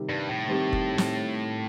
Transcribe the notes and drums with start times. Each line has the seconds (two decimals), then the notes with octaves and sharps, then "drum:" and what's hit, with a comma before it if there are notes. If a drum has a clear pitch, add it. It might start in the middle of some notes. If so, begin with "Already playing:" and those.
Already playing: C3 D#3 G3 C4 G4
0.09 G2
0.28 A2
0.47 D#3 G3 C4 G4
0.73 drum: kick F#1
0.98 drum: snare